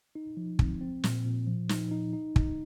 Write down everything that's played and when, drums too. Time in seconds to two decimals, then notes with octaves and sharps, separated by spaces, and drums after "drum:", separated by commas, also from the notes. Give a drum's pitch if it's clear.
0.15 D#4
0.37 F3
0.59 C4, drum: kick
0.81 C4
1.04 A#2, drum: snare
1.25 A#2
1.47 F3
1.69 D#4, drum: snare
1.91 D#4
2.13 D#4
2.36 D#4, drum: kick